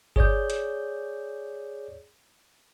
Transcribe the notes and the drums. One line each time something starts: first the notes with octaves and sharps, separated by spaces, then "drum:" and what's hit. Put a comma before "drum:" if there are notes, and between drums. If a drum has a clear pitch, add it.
G#4 C#5 D5 G6, drum: kick G1
drum: hi-hat